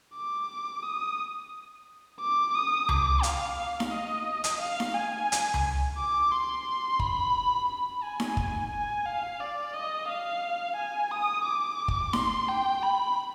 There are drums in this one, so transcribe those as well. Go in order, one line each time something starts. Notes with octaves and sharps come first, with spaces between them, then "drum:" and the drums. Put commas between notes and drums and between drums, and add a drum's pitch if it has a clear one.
D6
D#6
D6
D#6
D6, drum: tom C#2
F5, drum: hi-hat
drum: snare D#4
D#5
drum: hi-hat
F5
drum: snare D#4
G#5
drum: hi-hat
drum: tom C#2
D6
C6
B5, drum: kick
B5
G#5
drum: snare D#4
drum: kick
G#5
F5
D5
D#5
F5
G#5
D#6
D6
drum: kick
C6, drum: snare D#4
G5
B5